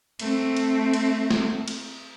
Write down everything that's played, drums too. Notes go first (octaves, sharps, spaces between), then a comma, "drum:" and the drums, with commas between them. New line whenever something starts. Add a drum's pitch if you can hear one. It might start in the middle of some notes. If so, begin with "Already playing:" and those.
A3 C4, drum: cymbal
drum: cymbal
drum: cymbal
drum: snare
drum: cymbal